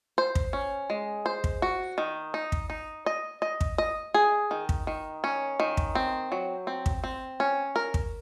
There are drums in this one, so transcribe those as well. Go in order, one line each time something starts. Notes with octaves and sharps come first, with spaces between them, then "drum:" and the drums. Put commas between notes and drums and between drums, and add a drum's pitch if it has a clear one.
C5
drum: kick
C#4
G#3
C5
drum: kick
F#4
D#3
D#4
drum: kick
D#4
D#5
D#5
drum: kick
D#5
G#4
D#3
drum: kick
D#3
C#4
D#3
drum: kick
C4
F#3
C4
drum: kick
C4
C#4
A#4
drum: kick